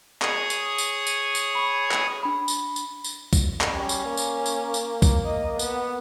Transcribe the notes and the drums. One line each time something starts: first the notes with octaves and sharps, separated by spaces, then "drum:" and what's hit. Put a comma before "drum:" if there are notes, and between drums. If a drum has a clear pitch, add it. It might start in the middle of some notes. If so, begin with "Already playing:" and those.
G#4 C#5 D#6, drum: clap
drum: tambourine
drum: tambourine
drum: tambourine
drum: tambourine
B5 C#6
drum: clap
D4 B5
drum: tambourine
drum: tambourine
drum: tambourine
drum: kick B1, tambourine
drum: clap
G3 C#4
drum: tambourine
A#3
drum: tambourine
drum: tambourine
drum: tambourine
drum: kick B1, tambourine
D#5
B3, drum: tambourine